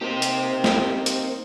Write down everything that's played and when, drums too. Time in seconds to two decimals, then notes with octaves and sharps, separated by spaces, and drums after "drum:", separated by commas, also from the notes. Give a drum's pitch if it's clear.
0.01 A#3 C4 D#4 G4 C5
0.22 drum: hi-hat
0.64 drum: snare
1.06 drum: hi-hat